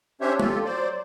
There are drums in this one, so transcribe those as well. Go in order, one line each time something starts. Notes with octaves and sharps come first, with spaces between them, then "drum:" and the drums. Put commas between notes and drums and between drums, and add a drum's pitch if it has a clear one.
C#4 D4 G4 C5 C#5 E5
F4 G4 A4, drum: tom G#3
F#3 C5 D5